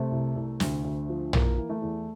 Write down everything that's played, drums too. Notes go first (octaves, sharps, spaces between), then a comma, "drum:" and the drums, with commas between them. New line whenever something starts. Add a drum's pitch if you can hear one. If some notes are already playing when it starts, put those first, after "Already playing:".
Already playing: C3 A3 C4
C2
C2
D2, drum: snare
D2
F3
E3 A#3, drum: tom
E3
A3
E2